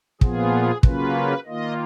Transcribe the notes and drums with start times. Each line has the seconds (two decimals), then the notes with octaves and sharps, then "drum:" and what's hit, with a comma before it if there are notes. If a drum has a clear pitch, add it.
0.21 A#2 F3 B3 F4 G#4, drum: kick
0.83 C#3 F#3 A#3 C#4 F4 B4, drum: kick
1.46 D#3 A#3 F4 D#5